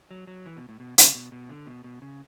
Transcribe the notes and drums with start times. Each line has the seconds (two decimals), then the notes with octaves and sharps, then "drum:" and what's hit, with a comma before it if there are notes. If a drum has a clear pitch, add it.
0.11 F#3
0.27 F#3
0.46 E3
0.56 B2
0.69 A2
0.80 B2
0.98 C#3, drum: hi-hat
1.15 B2
1.32 B2
1.49 D3
1.67 B2
1.84 B2
2.02 C#3